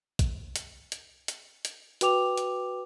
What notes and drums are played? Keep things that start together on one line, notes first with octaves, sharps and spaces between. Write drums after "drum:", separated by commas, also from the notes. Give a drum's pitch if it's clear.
drum: kick, hi-hat
drum: hi-hat
drum: hi-hat
drum: hi-hat
drum: hi-hat
F#4 B4 G5 D6 F7, drum: hi-hat
drum: hi-hat